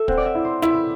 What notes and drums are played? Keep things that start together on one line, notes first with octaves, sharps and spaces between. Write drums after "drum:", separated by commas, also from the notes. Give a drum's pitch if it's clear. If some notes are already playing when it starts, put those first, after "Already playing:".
Already playing: A4 E5
C4 F#5, drum: kick
D5
E5
E4
C5
E4 B4, drum: snare